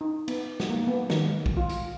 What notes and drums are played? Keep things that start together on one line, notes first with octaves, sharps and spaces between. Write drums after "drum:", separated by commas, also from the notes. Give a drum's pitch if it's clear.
D#4
B3, drum: cymbal
drum: snare
A#3
B3
D#3, drum: snare
G#3
drum: kick A#1
F4
drum: hi-hat